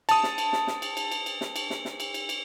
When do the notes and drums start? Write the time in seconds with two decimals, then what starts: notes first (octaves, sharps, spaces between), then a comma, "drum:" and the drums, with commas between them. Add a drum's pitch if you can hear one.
0.09 A5 D#6, drum: cymbal
0.23 drum: snare
0.38 drum: cymbal
0.53 drum: snare
0.67 drum: snare
0.82 drum: cymbal
0.97 drum: cymbal
1.12 drum: cymbal
1.26 drum: cymbal
1.41 drum: snare
1.56 drum: cymbal
1.70 drum: snare
1.85 drum: snare
2.00 drum: cymbal
2.14 drum: cymbal
2.29 drum: cymbal